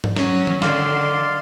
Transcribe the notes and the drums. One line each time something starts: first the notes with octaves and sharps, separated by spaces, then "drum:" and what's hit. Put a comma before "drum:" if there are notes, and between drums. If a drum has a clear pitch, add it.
drum: tom G#2
F#3 C#4, drum: snare
drum: tom D#3
D3 D#3 D5 F5 C6, drum: snare